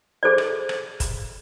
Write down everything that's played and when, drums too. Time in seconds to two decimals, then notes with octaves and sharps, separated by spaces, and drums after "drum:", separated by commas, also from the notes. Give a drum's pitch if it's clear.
0.23 G#4 A4 C5 D5
0.38 drum: rim click
0.69 drum: rim click
1.00 drum: kick, hi-hat